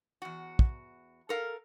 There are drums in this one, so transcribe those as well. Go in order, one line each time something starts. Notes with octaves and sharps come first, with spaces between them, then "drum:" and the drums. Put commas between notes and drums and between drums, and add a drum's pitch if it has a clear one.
E2 F#4
drum: kick
A4 A#4 F5